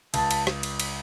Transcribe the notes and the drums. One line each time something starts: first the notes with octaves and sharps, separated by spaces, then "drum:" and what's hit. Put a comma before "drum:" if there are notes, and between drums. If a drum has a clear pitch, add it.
C#2 A5, drum: cymbal
drum: cymbal
drum: rim click
drum: cymbal
drum: cymbal